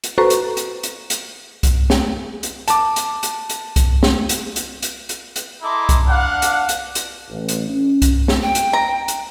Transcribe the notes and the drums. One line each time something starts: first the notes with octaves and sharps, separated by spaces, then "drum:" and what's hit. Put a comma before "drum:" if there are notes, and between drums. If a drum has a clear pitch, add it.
drum: hi-hat
F#4 A4 B4 C5 A#5 C#6
drum: hi-hat
drum: hi-hat
drum: hi-hat
drum: hi-hat
drum: kick C2, hi-hat
drum: snare
drum: hi-hat
A5 D6, drum: hi-hat
drum: hi-hat
drum: hi-hat
drum: hi-hat
drum: kick C2, hi-hat
drum: snare
drum: hi-hat
drum: hi-hat
drum: hi-hat
drum: hi-hat
drum: hi-hat
E4 A4 D#5 A#5 C6 D6
drum: kick C2, hi-hat
D4 F5 F#5
drum: hi-hat
drum: hi-hat
drum: hi-hat
A1
drum: hi-hat
C#4
drum: kick C2, hi-hat
drum: snare
G5
drum: hi-hat
A#5
drum: hi-hat